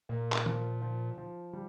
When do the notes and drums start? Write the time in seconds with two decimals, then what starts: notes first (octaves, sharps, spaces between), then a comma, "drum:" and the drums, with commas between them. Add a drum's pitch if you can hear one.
0.09 A#2 A#3
0.32 drum: clap
0.46 F3, drum: tom
0.82 F3
1.18 F3
1.53 G3